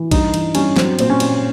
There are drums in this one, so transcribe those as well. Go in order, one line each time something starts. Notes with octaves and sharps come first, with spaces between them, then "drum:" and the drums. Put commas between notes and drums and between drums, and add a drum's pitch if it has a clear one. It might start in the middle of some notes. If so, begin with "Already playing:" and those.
Already playing: E3
G2 D#4, drum: kick, cymbal
E3, drum: cymbal
G2 C#4, drum: cymbal
F#3 C4, drum: snare
A#2 C4, drum: cymbal
C#4
A#2, drum: cymbal